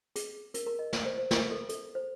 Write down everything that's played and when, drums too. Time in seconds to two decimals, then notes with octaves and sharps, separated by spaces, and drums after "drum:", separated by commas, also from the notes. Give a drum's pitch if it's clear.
0.16 G#4, drum: hi-hat
0.54 A#4, drum: hi-hat
0.66 A#4
0.79 D#5
0.93 D5, drum: snare
1.05 C5
1.18 C5
1.31 A#4, drum: snare
1.51 A4
1.69 A4, drum: hi-hat
1.95 C5